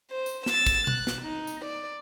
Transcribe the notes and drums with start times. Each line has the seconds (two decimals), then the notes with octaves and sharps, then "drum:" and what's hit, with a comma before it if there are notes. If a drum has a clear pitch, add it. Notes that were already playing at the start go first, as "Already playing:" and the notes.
0.11 C5
0.26 drum: tambourine
0.46 E6 A6, drum: snare
0.67 drum: kick, tambourine
0.87 F#6, drum: tom B2
1.07 drum: snare
1.22 D#4
1.47 drum: tambourine
1.64 D5